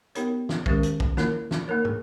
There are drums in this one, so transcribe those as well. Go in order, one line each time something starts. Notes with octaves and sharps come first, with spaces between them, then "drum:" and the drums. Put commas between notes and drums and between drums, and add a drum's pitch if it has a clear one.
B3 D#4 G4 A#4 C#5, drum: hi-hat
drum: snare
D#3 G#3 C#4 G4 A#4, drum: kick
drum: hi-hat
drum: kick
A#3 E4 A#4 C#5, drum: snare
drum: snare
A#3 D#4 A#4 C#5
drum: tom